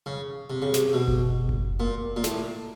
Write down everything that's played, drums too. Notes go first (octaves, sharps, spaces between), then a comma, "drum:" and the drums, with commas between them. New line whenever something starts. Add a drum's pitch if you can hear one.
C#3
C3
C#3
C3, drum: snare
B2
drum: kick F#1
drum: kick F#1
A#2
A#2
A2, drum: snare